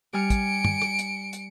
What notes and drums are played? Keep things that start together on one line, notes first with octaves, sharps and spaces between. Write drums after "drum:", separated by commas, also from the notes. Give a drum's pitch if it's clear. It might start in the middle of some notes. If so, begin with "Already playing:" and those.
G3 G#5 F6 C#7 D7
drum: kick, hi-hat
drum: tom
drum: rim click
drum: hi-hat
drum: hi-hat